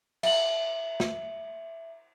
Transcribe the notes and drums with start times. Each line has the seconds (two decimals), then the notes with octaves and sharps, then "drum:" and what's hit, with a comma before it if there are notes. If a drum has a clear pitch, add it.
0.23 E5 F#7, drum: cymbal
1.00 drum: snare